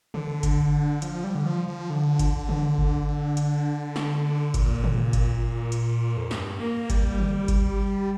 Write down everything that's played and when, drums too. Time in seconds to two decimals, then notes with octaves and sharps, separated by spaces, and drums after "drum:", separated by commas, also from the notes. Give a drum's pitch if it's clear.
0.14 D3, drum: tom
0.43 drum: kick G1, hi-hat
1.02 F3, drum: hi-hat
1.24 G3
1.35 D3
1.46 F3
1.68 F3
1.90 D3
2.19 drum: kick G1, hi-hat
2.49 drum: tom
2.78 drum: kick G1
3.37 drum: hi-hat
3.96 drum: snare
4.54 A#2, drum: kick G1, hi-hat
4.84 drum: tom
5.13 drum: kick G1, hi-hat
5.72 drum: hi-hat
6.17 F2
6.31 G2, drum: snare
6.60 A#3
6.90 G3, drum: kick G1, hi-hat
7.19 drum: tom
7.48 drum: kick G1, hi-hat